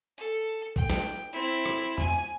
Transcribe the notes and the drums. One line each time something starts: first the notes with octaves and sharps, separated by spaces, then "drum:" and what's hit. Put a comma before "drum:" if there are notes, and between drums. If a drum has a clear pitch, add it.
A4, drum: hi-hat
G5, drum: kick A#1
drum: snare
C4 E4
drum: rim click
G#5, drum: tom